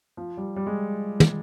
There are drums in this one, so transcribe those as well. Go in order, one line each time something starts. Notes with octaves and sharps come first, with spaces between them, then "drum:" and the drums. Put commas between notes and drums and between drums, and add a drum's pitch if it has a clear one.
F3
G3
G3
G#3
drum: tom